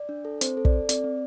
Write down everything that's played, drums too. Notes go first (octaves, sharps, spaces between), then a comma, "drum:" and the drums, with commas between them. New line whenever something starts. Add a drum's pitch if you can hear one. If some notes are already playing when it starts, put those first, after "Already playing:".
Already playing: D5
D4
A4
C4 C5, drum: hi-hat
A4
D5, drum: kick
A4
C4 D5, drum: hi-hat
C4